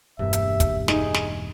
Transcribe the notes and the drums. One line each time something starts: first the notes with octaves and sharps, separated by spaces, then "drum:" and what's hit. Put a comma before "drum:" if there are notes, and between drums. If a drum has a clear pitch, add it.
E1 G2 A#3 E5
drum: hi-hat
drum: kick, hi-hat
D#4 G#4, drum: snare
drum: snare